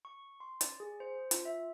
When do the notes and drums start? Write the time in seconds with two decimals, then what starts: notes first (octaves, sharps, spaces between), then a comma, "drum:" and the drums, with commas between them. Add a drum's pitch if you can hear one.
0.05 C#6
0.40 C6
0.61 D5, drum: hi-hat
0.80 G#4
1.00 C5
1.31 F4, drum: hi-hat
1.45 E5